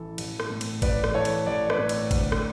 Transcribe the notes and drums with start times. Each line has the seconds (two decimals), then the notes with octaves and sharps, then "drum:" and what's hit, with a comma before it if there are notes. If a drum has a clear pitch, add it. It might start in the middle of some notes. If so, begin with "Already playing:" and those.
Already playing: A1 E3 A4
0.18 A1, drum: cymbal
0.40 drum: rim click
0.50 A2
0.61 drum: cymbal
0.82 A1 B4 D5, drum: kick G#1, cymbal
1.04 drum: rim click
1.14 E3 A4 C#5
1.25 drum: cymbal
1.46 A1 D5
1.70 B4 D5, drum: rim click
1.79 A2
1.89 drum: cymbal
2.11 D2, drum: kick G#1, cymbal
2.32 drum: rim click